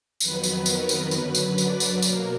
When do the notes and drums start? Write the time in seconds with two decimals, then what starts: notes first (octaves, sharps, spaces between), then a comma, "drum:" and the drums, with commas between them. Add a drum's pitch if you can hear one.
0.20 F2 D#3 F#3 B3 B4, drum: tambourine
0.44 drum: tambourine
0.66 A#4, drum: tambourine
0.89 drum: tambourine
1.11 F#2 D3 F#3 B4, drum: tambourine
1.35 drum: tambourine
1.58 D5, drum: tambourine
1.80 drum: tambourine
2.02 B2 F#3 A#3 A#4, drum: tambourine